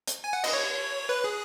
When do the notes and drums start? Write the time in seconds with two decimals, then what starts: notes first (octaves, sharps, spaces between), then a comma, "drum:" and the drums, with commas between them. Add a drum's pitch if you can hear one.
0.08 drum: hi-hat
0.24 G#5
0.33 F#5
0.44 D#5, drum: cymbal
0.53 C#5
1.09 B4
1.24 G#4